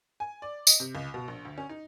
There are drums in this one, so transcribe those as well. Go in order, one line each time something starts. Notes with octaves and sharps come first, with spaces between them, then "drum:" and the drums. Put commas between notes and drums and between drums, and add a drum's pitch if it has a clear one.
G#5
D5
D#5, drum: tambourine
C3
C#2
B2
A#1
D2
C#4
D#4